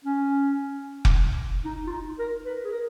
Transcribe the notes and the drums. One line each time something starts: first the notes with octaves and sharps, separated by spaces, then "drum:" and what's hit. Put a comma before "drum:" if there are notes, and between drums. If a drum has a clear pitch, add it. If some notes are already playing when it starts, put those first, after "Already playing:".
C#4
drum: kick F1
D#4
F4
D#4
A#4
B4
G#4
A#4